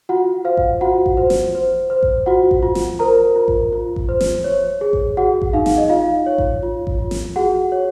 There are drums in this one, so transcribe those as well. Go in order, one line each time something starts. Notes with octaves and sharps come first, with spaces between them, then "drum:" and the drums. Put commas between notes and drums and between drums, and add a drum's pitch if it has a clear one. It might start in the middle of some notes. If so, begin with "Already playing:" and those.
F4 F#4 F#5
C5 F5
drum: kick A1
F4 F#4 F#5
drum: kick A1
C5
drum: snare
C5
C5
drum: kick A1
F4 F#4 F#5
drum: kick A1
F4
drum: snare
A#4 C5 A#5
F4
drum: kick A1
F4
drum: kick A1
C5
drum: snare
C#5
G#4
drum: kick A1
F#4 G#4 F#5
drum: kick A1
D#4 F5
drum: snare
D#5
F4 F5
C#5
drum: kick A1
F4
drum: kick A1
F4
drum: snare
F#4 G#4 F#5
C#5